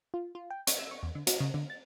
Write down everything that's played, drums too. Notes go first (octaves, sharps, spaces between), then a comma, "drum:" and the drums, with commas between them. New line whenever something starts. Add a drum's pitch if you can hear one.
F4
F4
G5
C#6, drum: hi-hat
E6
C#6
E2
D3
F#4, drum: hi-hat
C#3
D3
A6